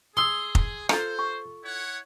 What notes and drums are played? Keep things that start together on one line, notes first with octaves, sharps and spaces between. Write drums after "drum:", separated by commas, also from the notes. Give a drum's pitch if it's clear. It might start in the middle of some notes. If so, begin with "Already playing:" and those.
G#4 C6 D#6 E6
drum: kick F1
F4 A4 C5 A#5, drum: rim click
C#6
E4 C#5 F#5